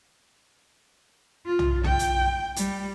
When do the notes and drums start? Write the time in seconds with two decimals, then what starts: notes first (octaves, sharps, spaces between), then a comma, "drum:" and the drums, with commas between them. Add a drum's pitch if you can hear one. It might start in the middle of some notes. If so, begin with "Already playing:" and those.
1.46 F4
1.59 drum: tom
1.84 G5, drum: tom
1.99 drum: hi-hat
2.56 G3, drum: hi-hat